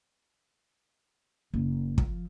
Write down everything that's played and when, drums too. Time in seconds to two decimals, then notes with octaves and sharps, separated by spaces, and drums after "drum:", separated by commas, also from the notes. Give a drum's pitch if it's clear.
1.54 F#1
1.98 F3, drum: kick